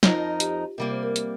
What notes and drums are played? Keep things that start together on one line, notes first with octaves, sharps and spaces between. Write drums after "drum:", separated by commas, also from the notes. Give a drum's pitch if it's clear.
F2 F3 D#4 F4 A#4, drum: snare
G4, drum: hi-hat
C3 G3 A#3 A#4
C5
A#4
drum: hi-hat